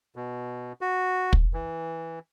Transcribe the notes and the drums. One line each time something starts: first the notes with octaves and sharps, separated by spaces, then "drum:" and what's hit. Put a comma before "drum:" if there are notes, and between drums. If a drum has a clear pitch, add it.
B2
F#4
drum: kick
E3